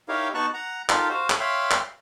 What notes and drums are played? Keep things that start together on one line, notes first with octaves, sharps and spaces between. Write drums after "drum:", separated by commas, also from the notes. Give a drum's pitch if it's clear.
D#4 E4 G4 A#4 C#5 F5
B3 D#4 F#4 A5 C#6 F#6
F#5 A#5
D#4 F4 G4 A4 A#4 F5, drum: clap
F#4 C5 F5
drum: clap
C#5 E5 F5 G5 B5 C6
drum: clap